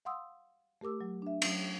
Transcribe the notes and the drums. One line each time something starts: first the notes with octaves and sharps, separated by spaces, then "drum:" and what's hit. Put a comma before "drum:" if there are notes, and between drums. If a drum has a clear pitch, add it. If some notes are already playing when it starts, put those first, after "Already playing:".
F5 F#5 C6 D#6 E6
A3 G4 A#4 D6 E6
F#3
D4 E5
F#3 C#4, drum: cymbal